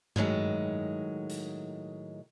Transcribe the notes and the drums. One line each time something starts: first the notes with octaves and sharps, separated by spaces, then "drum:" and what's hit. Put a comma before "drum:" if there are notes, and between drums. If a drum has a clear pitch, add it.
A2 D#3 F#3 G#3, drum: tom G2
drum: hi-hat